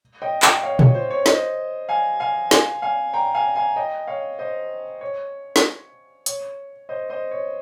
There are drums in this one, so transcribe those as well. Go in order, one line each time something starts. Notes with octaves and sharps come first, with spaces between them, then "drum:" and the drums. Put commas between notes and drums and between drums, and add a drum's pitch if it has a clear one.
D#5 G5
D#5 G5, drum: clap
C#5 F5
C#5, drum: tom
C5
C#5
C5 D#5, drum: snare
F5 G#5
F5 G#5
F5 G#5, drum: snare
F5 G#5
G5 A#5
F5 G#5
F5 G#5
D#5 G5
C#5 F5
C5 D#5
C#5
drum: snare
C#5, drum: hi-hat
C5 D#5
C5 D#5
C#5